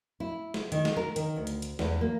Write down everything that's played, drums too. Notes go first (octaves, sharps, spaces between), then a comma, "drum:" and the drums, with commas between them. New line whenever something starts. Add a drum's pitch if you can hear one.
E4
drum: snare
D#3, drum: hi-hat
drum: snare
A#4
D#3, drum: hi-hat
D2
drum: hi-hat
drum: hi-hat
E2, drum: snare
A#3